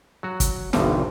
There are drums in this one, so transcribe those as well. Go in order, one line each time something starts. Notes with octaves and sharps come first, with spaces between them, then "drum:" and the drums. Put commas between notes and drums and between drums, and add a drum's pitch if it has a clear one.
F#3 F#4
drum: kick, hi-hat
G#1 E2 G2 B2 D3 G3, drum: snare